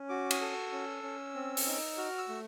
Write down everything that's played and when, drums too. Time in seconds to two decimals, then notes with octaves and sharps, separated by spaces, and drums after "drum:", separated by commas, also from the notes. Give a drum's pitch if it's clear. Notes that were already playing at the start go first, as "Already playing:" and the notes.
Already playing: C#4
0.09 F#4 D6
0.31 D#6, drum: cymbal
0.41 A4
0.52 E6
0.72 C#4
1.03 C#4
1.35 C4
1.57 drum: open hi-hat
1.67 D#4
1.98 F#4 F6
2.18 E6
2.29 A3